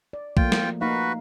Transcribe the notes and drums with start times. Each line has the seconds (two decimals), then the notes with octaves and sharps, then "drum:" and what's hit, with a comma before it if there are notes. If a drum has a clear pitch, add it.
0.13 D5
0.37 F3 A3 A#3 F4 G5, drum: kick B1
0.52 drum: snare
0.81 A#3 D#4 F#4 B4 F5